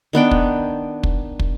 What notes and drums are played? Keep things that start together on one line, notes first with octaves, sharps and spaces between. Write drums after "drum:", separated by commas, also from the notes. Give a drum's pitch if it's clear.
D#3 B3 D4 G5
drum: kick
drum: kick
drum: kick